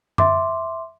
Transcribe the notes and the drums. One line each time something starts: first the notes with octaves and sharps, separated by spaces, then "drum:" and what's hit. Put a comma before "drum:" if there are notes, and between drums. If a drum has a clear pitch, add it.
E5 C6 D6, drum: tom F#2